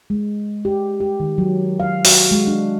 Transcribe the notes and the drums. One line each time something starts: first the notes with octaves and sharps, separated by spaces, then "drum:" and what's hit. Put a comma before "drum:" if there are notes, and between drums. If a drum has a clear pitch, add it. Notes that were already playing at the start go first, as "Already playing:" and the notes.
G#3
G4
G4
D#3
F#3
F5
F#4, drum: open hi-hat
G#3
D4